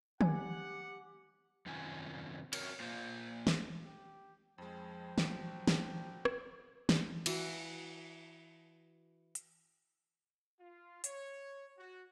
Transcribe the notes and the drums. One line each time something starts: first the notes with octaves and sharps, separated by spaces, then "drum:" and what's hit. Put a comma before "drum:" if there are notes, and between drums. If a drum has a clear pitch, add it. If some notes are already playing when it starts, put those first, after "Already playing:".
G4 F#5 G#5, drum: tom
F#2 C3 D#3 C#4 F4 G#5
C4 F#4 A#4 C#5, drum: cymbal
A#3 F4 C5
drum: snare
G4
F2 F3 G#3 G5
A#2 F#3 G3, drum: snare
drum: snare
drum: rim click
drum: snare
E3 F#4, drum: cymbal
drum: hi-hat
F4
C#5, drum: hi-hat
F#4